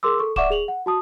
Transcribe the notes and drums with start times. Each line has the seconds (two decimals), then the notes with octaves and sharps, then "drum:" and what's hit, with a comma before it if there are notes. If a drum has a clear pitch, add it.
0.03 G#4 A#4 C6 D6 E6
0.19 A4 C#6
0.36 D5 E5 F#5 C#6 D6 E7, drum: kick D1
0.50 G#4 F7 F#7
0.68 F#5
0.86 F#4 A5 D#6